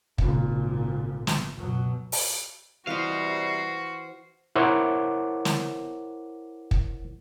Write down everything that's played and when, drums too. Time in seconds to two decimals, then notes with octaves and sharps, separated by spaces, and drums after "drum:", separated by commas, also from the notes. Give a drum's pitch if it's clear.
0.18 G#1 A#2 C#3, drum: kick
1.27 drum: snare
1.58 C#2 F#2 B2 F#3
2.12 drum: open hi-hat
2.87 C3 E3 G3 F#4 B4 C5 D#5 F5
4.56 E4 A#4 C5 C#5 F#5 D6
5.45 drum: snare
6.71 drum: kick